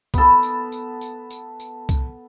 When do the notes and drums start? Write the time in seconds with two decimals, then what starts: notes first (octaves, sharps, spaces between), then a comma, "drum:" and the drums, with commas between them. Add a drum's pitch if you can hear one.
0.14 B3 A4, drum: kick C2, tambourine
0.43 drum: tambourine
0.72 drum: tambourine
1.01 drum: tambourine
1.31 drum: tambourine
1.60 drum: tambourine
1.89 drum: kick C2, tambourine